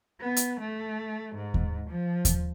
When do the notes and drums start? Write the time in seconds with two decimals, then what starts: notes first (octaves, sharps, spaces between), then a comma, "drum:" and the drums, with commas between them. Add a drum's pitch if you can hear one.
0.20 B3
0.36 drum: hi-hat
0.60 A3
1.35 G#2
1.54 drum: kick D#2
1.90 F3
2.25 drum: kick D#2, hi-hat